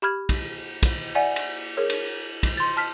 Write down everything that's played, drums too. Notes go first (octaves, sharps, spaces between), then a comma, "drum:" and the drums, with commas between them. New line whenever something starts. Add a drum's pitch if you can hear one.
G4 B5 F6 G#6
drum: kick, cymbal
drum: kick, cymbal
D5 E5 F#5 G#5
drum: cymbal
G#4 A#4 C#5
drum: cymbal
drum: kick, cymbal
C6 A6
A5 F6 B6